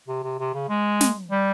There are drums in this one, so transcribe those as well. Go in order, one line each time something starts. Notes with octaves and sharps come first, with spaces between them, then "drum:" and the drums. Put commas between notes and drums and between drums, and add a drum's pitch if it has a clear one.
C3
C3
C3
C#3
G#3
drum: snare
G3